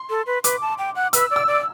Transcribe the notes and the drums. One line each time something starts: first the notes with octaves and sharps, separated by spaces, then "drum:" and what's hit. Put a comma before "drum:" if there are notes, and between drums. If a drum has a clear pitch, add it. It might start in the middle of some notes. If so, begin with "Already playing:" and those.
Already playing: C6
A4
B4
B4 D6, drum: hi-hat
A5
G5
F#5
B4 E6, drum: hi-hat
D5
E6
D5